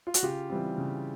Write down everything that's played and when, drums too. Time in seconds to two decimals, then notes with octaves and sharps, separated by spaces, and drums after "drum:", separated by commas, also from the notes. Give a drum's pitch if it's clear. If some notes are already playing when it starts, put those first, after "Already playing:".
0.07 F4
0.14 F#4, drum: hi-hat
0.23 C#3 F4 G4
0.50 E3 G3 C4
0.78 C#3